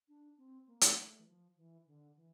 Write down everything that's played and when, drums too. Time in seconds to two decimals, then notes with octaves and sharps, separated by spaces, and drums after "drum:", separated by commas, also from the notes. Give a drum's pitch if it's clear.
0.08 D4
0.38 C4
0.67 A#3
0.81 drum: hi-hat
0.98 A3
1.20 E3
1.27 F3
1.57 E3
1.87 D3
2.16 E3